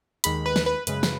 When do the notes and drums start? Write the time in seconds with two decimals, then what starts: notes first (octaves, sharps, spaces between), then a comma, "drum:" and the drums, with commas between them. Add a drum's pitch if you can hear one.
0.24 D#2 D#3 G#3 B5, drum: hi-hat
0.46 B4
0.56 drum: snare
0.66 B4
0.87 F#2 C#3 G#3 B4, drum: hi-hat
1.03 drum: snare